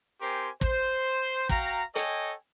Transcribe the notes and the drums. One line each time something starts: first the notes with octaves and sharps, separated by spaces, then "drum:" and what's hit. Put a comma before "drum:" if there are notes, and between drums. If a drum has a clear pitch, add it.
C4 G4 A#4 C5 G#5 C6
C5, drum: kick
F#4 F5 G5 A#5, drum: kick
A4 C#5 D#5 G5 G#5, drum: hi-hat